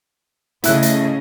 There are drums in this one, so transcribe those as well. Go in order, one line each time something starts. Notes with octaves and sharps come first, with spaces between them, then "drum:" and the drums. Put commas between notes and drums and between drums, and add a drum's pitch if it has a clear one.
C#3 A3 E4 D#5 E5 F#6, drum: hi-hat
drum: hi-hat